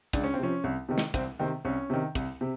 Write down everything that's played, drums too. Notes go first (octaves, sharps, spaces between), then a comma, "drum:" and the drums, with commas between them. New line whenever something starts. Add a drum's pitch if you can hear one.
C#2 D4, drum: kick, hi-hat
C#4
C4
C3 F3 C#4
C2
C3 D#3
drum: snare
C2 C4, drum: kick, hi-hat
C3 D#3 C4
C2 C#4
C3 D#3
C2, drum: kick, hi-hat
C3